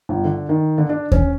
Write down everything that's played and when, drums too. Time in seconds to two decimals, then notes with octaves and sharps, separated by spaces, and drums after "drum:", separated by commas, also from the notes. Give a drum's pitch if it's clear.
0.09 G1
0.25 D3
0.49 D#3
0.78 D3
0.89 D4
1.12 C#4, drum: kick D#2